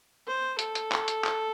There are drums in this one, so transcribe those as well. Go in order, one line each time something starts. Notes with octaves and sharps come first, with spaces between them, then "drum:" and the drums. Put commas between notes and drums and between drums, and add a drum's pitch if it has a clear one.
C5
A4, drum: hi-hat
drum: hi-hat
drum: clap
drum: hi-hat
drum: clap